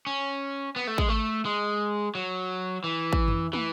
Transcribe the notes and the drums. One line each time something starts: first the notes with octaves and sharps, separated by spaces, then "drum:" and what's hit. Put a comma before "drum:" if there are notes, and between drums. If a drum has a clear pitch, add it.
C#4
B3
A3
G#3, drum: kick
A3
G#3
F#3
E3
drum: kick
drum: tom
E3, drum: tom